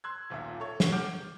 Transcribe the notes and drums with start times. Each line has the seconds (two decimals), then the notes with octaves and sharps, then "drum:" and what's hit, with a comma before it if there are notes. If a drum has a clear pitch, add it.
0.04 C6 E6 F#6 G#6
0.30 D#1 B1 A#2 E5
0.60 A4 C#5
0.80 drum: snare
0.92 F#5 D6 F6 G6 D7